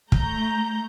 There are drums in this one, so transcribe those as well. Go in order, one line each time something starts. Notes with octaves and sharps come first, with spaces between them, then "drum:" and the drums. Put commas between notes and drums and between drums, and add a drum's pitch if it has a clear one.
A3 A#5 G6, drum: kick